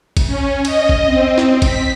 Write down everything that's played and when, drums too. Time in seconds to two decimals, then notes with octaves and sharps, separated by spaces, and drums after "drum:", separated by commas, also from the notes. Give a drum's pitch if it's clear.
0.17 drum: kick, cymbal
0.27 C#4
0.65 D#5, drum: cymbal
0.89 drum: kick
1.06 C4
1.38 drum: snare
1.62 B6, drum: kick, cymbal